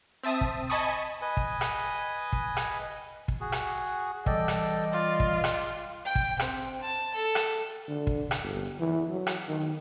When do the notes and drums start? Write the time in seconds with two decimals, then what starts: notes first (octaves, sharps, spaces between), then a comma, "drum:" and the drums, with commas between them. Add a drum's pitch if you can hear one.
0.23 C4 E5 A5 D#6
0.41 drum: kick
0.70 D#5 G#5 A5 B5 C#6 D#6
1.22 B4 D#5 G#5
1.37 drum: kick
1.61 drum: rim click
2.33 drum: kick
2.57 drum: rim click
3.28 drum: kick
3.41 F#4 G#4
3.52 drum: rim click
4.26 E3 G3 A4 D5 D#5 G5, drum: kick
4.48 drum: rim click
4.92 F4 D5
5.20 drum: kick
5.44 drum: rim click
6.05 G5
6.15 drum: kick
6.39 C4, drum: rim click
6.81 A5
7.14 A4
7.35 drum: rim click
7.88 D3
8.07 drum: kick
8.31 drum: rim click
8.43 G1
8.80 E3
9.10 F#3
9.27 drum: rim click
9.48 D#3